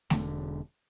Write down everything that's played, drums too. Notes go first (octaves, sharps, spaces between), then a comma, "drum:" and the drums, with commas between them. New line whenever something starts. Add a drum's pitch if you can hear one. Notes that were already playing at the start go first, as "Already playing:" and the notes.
E1 D3, drum: snare